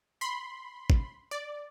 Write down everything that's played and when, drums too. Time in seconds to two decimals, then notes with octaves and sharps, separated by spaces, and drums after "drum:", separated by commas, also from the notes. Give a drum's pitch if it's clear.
0.21 B5 C6
0.90 drum: kick G#1
1.31 D5